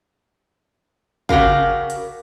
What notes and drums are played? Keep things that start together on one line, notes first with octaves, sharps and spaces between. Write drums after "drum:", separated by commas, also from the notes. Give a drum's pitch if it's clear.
C#3 F#4 G4 A#4 F5, drum: kick
drum: hi-hat